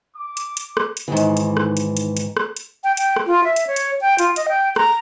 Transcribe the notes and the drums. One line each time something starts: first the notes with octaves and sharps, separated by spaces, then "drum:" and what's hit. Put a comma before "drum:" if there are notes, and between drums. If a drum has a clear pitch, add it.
D6
drum: hi-hat
drum: hi-hat
drum: rim click
drum: hi-hat
G#2 D#3 E3
drum: hi-hat
drum: hi-hat
drum: rim click
drum: hi-hat
drum: hi-hat
drum: hi-hat
drum: rim click
drum: hi-hat
G5
G5, drum: hi-hat
drum: rim click
F4
E5
drum: hi-hat
C#5
drum: hi-hat
G5
F4, drum: hi-hat
D#5, drum: hi-hat
G5
A#5, drum: rim click